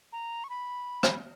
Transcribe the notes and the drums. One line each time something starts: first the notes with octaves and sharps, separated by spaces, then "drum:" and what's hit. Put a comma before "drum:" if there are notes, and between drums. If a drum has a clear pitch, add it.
A#5
C#6
B5
drum: rim click